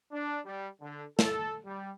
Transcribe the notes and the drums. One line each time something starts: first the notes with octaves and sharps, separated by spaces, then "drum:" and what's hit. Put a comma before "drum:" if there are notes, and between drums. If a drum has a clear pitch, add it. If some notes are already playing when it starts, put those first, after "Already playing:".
D4
G3
D3
A4, drum: snare
G3